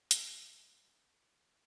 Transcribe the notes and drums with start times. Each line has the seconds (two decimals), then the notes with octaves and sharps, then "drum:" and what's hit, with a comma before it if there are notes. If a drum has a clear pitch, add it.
0.11 F#2, drum: hi-hat